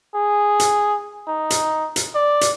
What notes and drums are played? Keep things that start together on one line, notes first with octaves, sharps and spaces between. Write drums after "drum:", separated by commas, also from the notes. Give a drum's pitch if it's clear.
G#4
drum: hi-hat
D#4
drum: hi-hat
drum: hi-hat
D5
drum: hi-hat